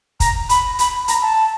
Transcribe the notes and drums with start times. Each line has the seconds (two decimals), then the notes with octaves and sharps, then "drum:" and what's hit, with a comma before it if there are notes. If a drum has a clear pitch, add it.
0.20 A#5, drum: kick, hi-hat
0.49 B5, drum: hi-hat
0.79 B5, drum: hi-hat
1.08 A#5, drum: hi-hat
1.22 A5